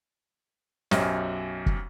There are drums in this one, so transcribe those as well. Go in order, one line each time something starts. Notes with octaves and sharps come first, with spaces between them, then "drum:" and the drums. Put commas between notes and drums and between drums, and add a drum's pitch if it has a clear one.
B1 F#2 C#4 G4 C5 D#5, drum: snare
drum: kick